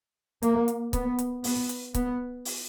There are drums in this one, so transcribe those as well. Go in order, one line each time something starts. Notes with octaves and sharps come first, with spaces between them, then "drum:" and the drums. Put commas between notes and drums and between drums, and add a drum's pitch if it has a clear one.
A#3, drum: hi-hat
drum: hi-hat
B3, drum: kick C#1, hi-hat
drum: hi-hat
B3, drum: open hi-hat
drum: hi-hat
B3, drum: kick C#1, hi-hat
drum: open hi-hat